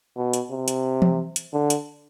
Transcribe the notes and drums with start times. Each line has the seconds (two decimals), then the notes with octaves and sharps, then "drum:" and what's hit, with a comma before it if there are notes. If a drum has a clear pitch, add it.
0.16 B2
0.33 drum: hi-hat
0.51 C3
0.68 drum: hi-hat
1.02 drum: tom E3
1.36 drum: hi-hat
1.53 D3
1.70 drum: hi-hat